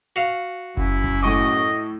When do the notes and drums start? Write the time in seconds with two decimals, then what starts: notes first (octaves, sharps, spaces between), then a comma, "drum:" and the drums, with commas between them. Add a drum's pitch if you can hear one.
0.16 F#4 F5
0.77 F#2 E4, drum: kick F#1
1.04 drum: kick F#1
1.23 A2 D#5 C#6 D6